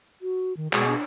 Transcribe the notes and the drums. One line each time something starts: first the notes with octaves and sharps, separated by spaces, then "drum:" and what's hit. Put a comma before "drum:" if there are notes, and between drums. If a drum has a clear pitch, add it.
F#4
D#3
B2 G#3 F#4 G#4, drum: clap
D4